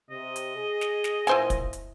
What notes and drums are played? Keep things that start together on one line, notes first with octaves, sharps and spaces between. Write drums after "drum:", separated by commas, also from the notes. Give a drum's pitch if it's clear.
C3 D#5
drum: hi-hat
G#4
drum: snare
drum: snare
A#2 E4 C5 G#5, drum: snare
drum: kick, hi-hat
drum: hi-hat